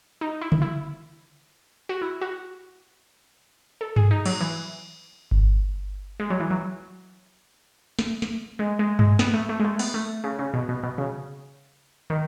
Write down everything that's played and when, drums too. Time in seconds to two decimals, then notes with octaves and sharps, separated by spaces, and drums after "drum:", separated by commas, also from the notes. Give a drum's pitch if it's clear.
0.21 D#4
0.41 E4
0.52 drum: tom C#3
0.62 E4
1.89 F#4
2.02 E4
2.21 F#4
3.81 A4
3.96 G#4, drum: tom G2
4.11 D#4
4.25 F#3, drum: cymbal
4.41 E3
5.31 drum: kick G1
6.20 G#3
6.30 F#3
6.40 E3
6.50 F#3
7.99 drum: snare
8.22 drum: snare
8.59 G#3
8.79 G#3
8.99 G#3, drum: tom G2
9.19 B3, drum: snare
9.33 A3
9.49 A3
9.60 G#3
9.64 A3
9.79 B3, drum: open hi-hat
9.94 A3
10.24 C#3
10.39 C#3
10.54 B2
10.69 B2
10.83 B2
10.98 C#3
12.10 D#3